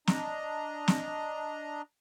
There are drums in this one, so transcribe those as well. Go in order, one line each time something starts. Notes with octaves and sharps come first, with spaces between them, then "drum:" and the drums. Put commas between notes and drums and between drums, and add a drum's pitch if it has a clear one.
D4 D#5 A#5, drum: snare
drum: snare